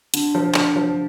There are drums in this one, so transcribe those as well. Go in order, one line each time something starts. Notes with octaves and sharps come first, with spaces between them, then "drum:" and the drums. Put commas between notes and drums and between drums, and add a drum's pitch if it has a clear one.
D3, drum: hi-hat
F3
D3, drum: clap
F3